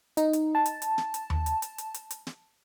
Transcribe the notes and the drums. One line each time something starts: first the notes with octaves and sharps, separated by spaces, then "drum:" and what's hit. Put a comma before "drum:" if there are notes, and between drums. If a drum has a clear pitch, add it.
D#4, drum: hi-hat
drum: hi-hat
A5
drum: hi-hat
drum: hi-hat
drum: snare
drum: hi-hat
drum: tom D#2
drum: hi-hat
drum: hi-hat
drum: hi-hat
drum: hi-hat
drum: hi-hat
drum: snare